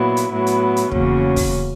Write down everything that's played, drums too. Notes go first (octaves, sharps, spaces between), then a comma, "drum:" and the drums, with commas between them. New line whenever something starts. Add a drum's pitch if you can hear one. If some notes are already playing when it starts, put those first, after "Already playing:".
Already playing: A#2 F#3 B3 E4
drum: hi-hat
A2 F#3 B3 E4
drum: hi-hat
drum: hi-hat
E2 C#3 F#3 A#3 C#4, drum: kick
drum: kick, open hi-hat